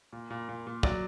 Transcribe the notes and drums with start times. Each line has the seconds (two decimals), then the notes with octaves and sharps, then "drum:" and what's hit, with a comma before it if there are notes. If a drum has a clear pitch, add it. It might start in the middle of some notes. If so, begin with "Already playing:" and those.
0.13 A#2
0.30 A#2
0.49 A#2
0.67 A#2
0.83 F#3 D5, drum: kick